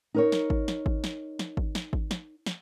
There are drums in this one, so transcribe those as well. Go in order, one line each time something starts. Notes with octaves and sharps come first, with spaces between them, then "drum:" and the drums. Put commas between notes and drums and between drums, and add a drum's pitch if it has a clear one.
D#4 A#4 C#5
drum: snare
drum: kick G#1
drum: snare
drum: kick G#1
drum: snare
drum: snare
drum: kick G#1
drum: snare
drum: kick G#1
drum: snare
drum: snare